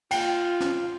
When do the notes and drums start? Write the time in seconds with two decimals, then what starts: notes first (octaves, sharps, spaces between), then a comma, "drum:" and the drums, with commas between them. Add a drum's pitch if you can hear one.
0.11 F4 G5, drum: cymbal
0.60 drum: snare